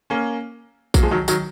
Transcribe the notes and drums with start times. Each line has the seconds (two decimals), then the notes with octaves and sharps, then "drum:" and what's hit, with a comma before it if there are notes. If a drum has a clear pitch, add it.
0.10 A#3 C#4
0.94 F#3 A#3, drum: kick A#1, tambourine
1.03 F3 G#3
1.11 D#3 F#3
1.28 D#3 F#3, drum: tambourine